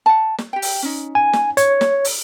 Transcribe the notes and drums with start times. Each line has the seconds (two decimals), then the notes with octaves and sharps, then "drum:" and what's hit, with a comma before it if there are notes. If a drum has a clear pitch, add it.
0.06 F#5 A5
0.38 drum: snare
0.53 G4 G5
0.62 drum: open hi-hat
0.83 C#4 D#4
1.15 G#5
1.33 drum: snare
1.57 C#5, drum: hi-hat
1.81 drum: snare
2.05 drum: open hi-hat